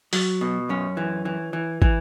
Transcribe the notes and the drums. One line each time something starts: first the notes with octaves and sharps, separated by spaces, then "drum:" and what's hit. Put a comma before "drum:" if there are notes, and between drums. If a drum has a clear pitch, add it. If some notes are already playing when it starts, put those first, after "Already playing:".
F#3, drum: open hi-hat
B2
F#2 C#4
E3
E3
E3
E3, drum: kick